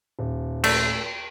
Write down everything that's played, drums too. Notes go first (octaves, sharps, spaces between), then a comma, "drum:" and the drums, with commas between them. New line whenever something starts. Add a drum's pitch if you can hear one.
D#1
A3, drum: cymbal